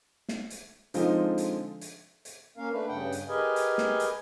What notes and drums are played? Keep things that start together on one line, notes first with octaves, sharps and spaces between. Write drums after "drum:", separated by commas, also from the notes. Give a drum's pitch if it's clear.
drum: snare
drum: hi-hat
D3 F3 G#3 C4 D#4 F4, drum: hi-hat
drum: hi-hat
drum: hi-hat
drum: hi-hat
A#3 C#4 A#4 F5
A3 D4 B4
G2 C#3 F#5 G5
drum: hi-hat
G4 G#4 A#4 B4 D#5 G#5
drum: hi-hat
drum: snare
drum: hi-hat